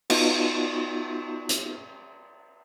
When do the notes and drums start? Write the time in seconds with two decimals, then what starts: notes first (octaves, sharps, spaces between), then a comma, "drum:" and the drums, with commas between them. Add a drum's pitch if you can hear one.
0.10 B3 D#4 F4 F#4, drum: cymbal
1.49 drum: hi-hat